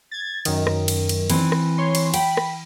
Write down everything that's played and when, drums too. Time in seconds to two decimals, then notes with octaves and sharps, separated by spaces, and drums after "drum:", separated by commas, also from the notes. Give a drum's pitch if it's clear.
0.11 G#6 A6
0.45 F#2 D#3, drum: cymbal
0.67 drum: rim click
0.88 drum: cymbal
1.09 drum: cymbal
1.30 E3 C4, drum: cymbal
1.52 drum: rim click
1.78 C#5 C6
1.95 drum: cymbal
2.14 G5 B5, drum: cymbal
2.37 drum: rim click